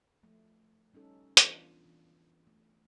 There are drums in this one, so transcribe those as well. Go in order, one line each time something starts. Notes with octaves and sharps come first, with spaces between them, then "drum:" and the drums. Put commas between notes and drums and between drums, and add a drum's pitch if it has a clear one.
F3 A3
G3 C#4 D#4 A4
E3 B3 D4 F4, drum: hi-hat
E3
A3